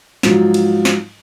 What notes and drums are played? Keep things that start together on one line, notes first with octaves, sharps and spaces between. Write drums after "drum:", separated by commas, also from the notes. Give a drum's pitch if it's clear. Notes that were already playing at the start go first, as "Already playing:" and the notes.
G#2 F3 F#3, drum: snare
drum: cymbal
drum: snare